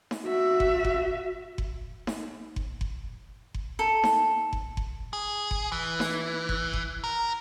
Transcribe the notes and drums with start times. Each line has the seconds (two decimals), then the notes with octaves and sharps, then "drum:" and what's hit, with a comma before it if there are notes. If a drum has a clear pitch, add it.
0.11 drum: snare D#4
0.25 F#4 E5
0.60 drum: kick F#1
0.85 drum: kick F#1
1.58 drum: kick F#1
2.07 drum: snare D#4
2.56 drum: kick F#1
2.81 drum: kick F#1
3.54 drum: kick F#1
3.79 A4
4.04 drum: snare D#4
4.53 drum: kick F#1
4.77 drum: kick F#1
5.13 G#4
5.51 drum: kick F#1
5.72 E3
6.00 drum: snare D#4
6.49 drum: kick F#1
6.73 drum: kick F#1
7.04 A#4